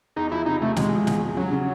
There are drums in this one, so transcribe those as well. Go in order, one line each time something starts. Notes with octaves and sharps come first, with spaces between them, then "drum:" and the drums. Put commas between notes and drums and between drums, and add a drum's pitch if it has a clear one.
E2 D#4
F3 E4
C3 D#4
C3 A3
C3 G#3, drum: snare
F3
E2, drum: snare
F3
C#3 F#3
C#3